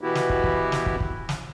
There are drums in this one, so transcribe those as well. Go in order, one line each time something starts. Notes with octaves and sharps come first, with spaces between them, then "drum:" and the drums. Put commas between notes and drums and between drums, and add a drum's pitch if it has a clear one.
B2 E3 B3 E4 F#4 G4
drum: snare
drum: kick
drum: kick
drum: snare
drum: kick
drum: kick
drum: snare